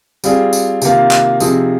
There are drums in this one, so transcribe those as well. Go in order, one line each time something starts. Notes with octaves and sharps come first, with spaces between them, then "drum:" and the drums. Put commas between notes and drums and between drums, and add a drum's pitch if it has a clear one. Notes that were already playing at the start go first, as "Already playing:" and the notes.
G3 C4 F4 G#4, drum: tambourine
drum: tambourine
C3 D#3 A#3 F4, drum: tambourine
drum: clap
C3 F3 C4 D#4 G#4, drum: tambourine